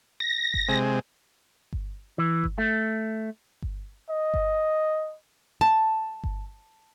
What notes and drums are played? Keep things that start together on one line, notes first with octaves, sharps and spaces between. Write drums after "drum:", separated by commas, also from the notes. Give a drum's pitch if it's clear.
A#6
drum: kick G1
C3 G#3
drum: kick G1
E3
drum: kick G1
A3
drum: kick G1
D#5
drum: kick G1
A5
drum: kick G1